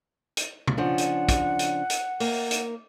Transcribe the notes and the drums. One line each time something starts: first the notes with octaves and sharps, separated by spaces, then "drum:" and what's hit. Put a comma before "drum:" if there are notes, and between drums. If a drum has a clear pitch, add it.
drum: hi-hat
drum: tom
C#3 F3 D4 F#5
drum: hi-hat
drum: kick, hi-hat
drum: hi-hat
drum: hi-hat
A#3, drum: open hi-hat
drum: hi-hat